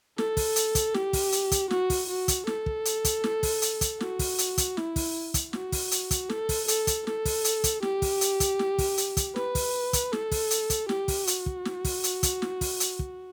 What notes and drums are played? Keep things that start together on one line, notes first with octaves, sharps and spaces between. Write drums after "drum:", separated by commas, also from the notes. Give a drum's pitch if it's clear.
A4, drum: snare
drum: kick, open hi-hat
drum: hi-hat
drum: kick, hi-hat
G4, drum: snare
drum: kick, open hi-hat
drum: hi-hat
drum: kick, hi-hat
F#4, drum: snare
drum: kick, open hi-hat
F#4
drum: kick, hi-hat
A4, drum: snare
drum: kick
drum: hi-hat
drum: kick, hi-hat
drum: snare
drum: kick, open hi-hat
drum: hi-hat
drum: kick, hi-hat
F#4, drum: snare
drum: kick, open hi-hat
drum: hi-hat
drum: kick, hi-hat
E4, drum: snare
drum: kick, open hi-hat
drum: kick, hi-hat
F#4, drum: snare
drum: kick, open hi-hat
drum: hi-hat
drum: kick, hi-hat
A4, drum: snare
drum: kick, open hi-hat
A4, drum: hi-hat
drum: kick, hi-hat
A4, drum: snare
drum: kick, open hi-hat
drum: hi-hat
drum: kick, hi-hat
G4, drum: snare
drum: kick, open hi-hat
drum: hi-hat
drum: kick, hi-hat
drum: snare
drum: kick, open hi-hat
drum: hi-hat
drum: kick, hi-hat
B4, drum: snare
drum: kick, open hi-hat
drum: kick, hi-hat
A4, drum: snare
drum: kick, open hi-hat
drum: hi-hat
drum: kick, hi-hat
G4, drum: snare
drum: kick, open hi-hat
F#4, drum: hi-hat
drum: kick
drum: snare
drum: kick, open hi-hat
drum: hi-hat
drum: kick, hi-hat
drum: snare
drum: kick, open hi-hat
drum: hi-hat
drum: kick